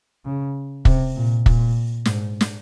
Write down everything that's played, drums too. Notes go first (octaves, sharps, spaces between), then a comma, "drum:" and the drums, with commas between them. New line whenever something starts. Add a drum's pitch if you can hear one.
C#3
C3, drum: kick
A#2
A#2, drum: kick
G#2, drum: snare
drum: snare